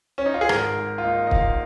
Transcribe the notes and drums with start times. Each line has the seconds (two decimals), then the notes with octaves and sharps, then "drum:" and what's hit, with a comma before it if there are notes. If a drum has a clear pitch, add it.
0.18 C#4
0.26 D#4
0.34 F4
0.41 G#4
0.49 G#1 A#4, drum: rim click
0.77 G#2
0.98 F4
1.04 A#3 D#4
1.27 D#5
1.31 G#2 F5, drum: kick